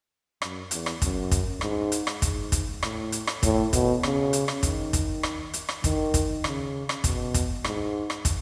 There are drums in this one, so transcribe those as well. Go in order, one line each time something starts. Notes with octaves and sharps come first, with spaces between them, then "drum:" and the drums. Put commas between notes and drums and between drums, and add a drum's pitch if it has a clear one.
F#2, drum: rim click
E2, drum: hi-hat
drum: rim click
F#2, drum: kick, hi-hat
drum: kick, hi-hat
G#2, drum: rim click
drum: hi-hat
drum: rim click
G#2, drum: kick, hi-hat
drum: kick, hi-hat
A2, drum: rim click
drum: hi-hat
drum: rim click
A2, drum: kick, hi-hat
B2, drum: kick, hi-hat
C#3, drum: rim click
drum: hi-hat
drum: rim click
D#3, drum: kick, hi-hat
drum: kick, hi-hat
drum: rim click
drum: hi-hat
drum: rim click
D#3, drum: kick, hi-hat
drum: kick, hi-hat
C#3, drum: rim click
drum: rim click
B2, drum: kick, hi-hat
drum: kick, hi-hat
G#2, drum: rim click
drum: rim click
drum: kick, hi-hat